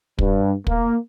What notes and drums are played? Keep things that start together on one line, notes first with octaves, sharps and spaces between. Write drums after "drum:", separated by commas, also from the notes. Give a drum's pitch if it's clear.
G2, drum: kick
A#3, drum: kick